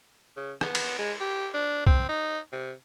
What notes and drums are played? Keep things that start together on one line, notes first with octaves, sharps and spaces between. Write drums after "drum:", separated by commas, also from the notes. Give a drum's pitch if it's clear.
C#3
B3, drum: rim click
drum: cymbal
G#3
G4
D4
C4, drum: kick C2
D#4
C3